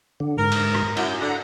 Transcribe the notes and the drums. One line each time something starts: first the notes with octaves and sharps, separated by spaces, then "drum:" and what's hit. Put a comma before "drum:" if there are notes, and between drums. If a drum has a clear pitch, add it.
D3
G#2 A#4
drum: cymbal
drum: rim click
F#2 E4 G6, drum: cymbal
D3 F#5 A#5